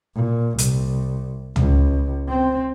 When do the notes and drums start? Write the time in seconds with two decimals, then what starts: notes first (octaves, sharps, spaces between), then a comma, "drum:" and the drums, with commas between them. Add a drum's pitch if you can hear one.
0.15 A#2
0.58 C2, drum: hi-hat
1.56 C#2, drum: tom C#2
2.28 C4